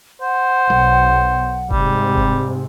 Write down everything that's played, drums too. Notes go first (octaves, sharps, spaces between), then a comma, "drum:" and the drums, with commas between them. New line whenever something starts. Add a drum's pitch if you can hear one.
C5 F#5
B1, drum: tom
G#2 C3 G3, drum: kick
drum: kick